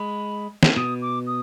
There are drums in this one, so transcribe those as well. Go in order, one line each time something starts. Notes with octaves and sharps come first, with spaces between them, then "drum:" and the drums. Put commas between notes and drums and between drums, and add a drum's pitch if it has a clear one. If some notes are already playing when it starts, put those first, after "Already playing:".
Already playing: G#3 B5
drum: snare
B2 D#6
D6
D#6